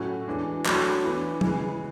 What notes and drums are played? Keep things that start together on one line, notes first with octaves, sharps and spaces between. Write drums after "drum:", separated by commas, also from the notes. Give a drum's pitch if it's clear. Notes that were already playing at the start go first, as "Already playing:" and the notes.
Already playing: A2 F#3 C#4 F#4 A4
E3 G#3 B3 D4
F#3 A3 D4 F#4 C#5, drum: clap
E3 B3 D4
C#3 E3 G#3 B3, drum: tom